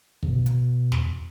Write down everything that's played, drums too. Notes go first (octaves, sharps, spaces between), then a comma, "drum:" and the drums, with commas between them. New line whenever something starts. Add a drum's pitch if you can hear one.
B2, drum: kick
drum: hi-hat
E2, drum: snare